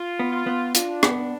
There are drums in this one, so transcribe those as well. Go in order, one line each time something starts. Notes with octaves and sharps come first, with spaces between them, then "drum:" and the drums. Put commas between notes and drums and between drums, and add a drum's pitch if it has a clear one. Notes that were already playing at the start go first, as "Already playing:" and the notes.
Already playing: F4
B3
F4
B3
D4 F4, drum: hi-hat
B3, drum: rim click